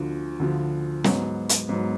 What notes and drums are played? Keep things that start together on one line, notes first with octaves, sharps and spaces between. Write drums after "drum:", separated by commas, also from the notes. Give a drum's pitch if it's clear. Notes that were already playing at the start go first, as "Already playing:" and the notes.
Already playing: D2 D3 F3
D2 D3 F3
G#2 F#3 B3, drum: snare
drum: hi-hat
G#2 F#3 B3